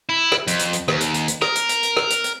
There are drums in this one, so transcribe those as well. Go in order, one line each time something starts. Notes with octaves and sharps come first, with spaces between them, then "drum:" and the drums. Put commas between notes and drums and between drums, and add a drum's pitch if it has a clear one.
E4
drum: rim click
F2, drum: hi-hat
drum: hi-hat
drum: hi-hat
D#2, drum: rim click
drum: hi-hat
drum: hi-hat
drum: hi-hat
A#4, drum: rim click
drum: hi-hat
drum: hi-hat
drum: hi-hat
drum: rim click
drum: hi-hat
drum: hi-hat